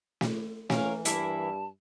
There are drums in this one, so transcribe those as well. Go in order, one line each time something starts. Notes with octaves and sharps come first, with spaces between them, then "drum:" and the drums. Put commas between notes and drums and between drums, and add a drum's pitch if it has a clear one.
drum: snare
E3 C#4 A#4 F5, drum: snare
G2 A#3 E4 E5 A5, drum: hi-hat